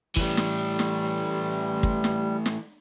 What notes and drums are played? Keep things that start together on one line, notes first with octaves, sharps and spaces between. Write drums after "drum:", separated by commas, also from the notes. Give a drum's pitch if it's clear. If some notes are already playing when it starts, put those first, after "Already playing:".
E3 G3 A3, drum: kick
drum: snare
drum: snare
drum: kick
drum: snare
drum: snare